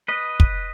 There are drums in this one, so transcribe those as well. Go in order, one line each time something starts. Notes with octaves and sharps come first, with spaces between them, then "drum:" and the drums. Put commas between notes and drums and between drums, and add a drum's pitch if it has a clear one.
B4 D#5
drum: kick